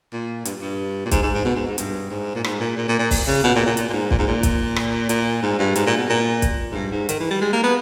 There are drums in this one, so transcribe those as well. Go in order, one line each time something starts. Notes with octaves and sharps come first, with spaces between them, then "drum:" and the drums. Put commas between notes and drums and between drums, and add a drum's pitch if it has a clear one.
A#2
G2, drum: hi-hat
G2
A#2
G#2, drum: kick, hi-hat
G#2
G#2
B2
G#2
G#2
G2, drum: hi-hat
G#2
A#2
G#2, drum: rim click
A#2
A#2
A#2
A#2
drum: kick, open hi-hat
C#3
B2
A#2
A#2
A#2, drum: hi-hat
A#2
G#2
A#2, drum: kick
G#2
A#2
drum: kick, hi-hat
drum: rim click
A#2, drum: hi-hat
G#2
G2
G#2, drum: hi-hat
A#2
B2
A#2
drum: kick, hi-hat
G#2
G2
G#2
D#3, drum: hi-hat
E3
G3
G#3
A#3
B3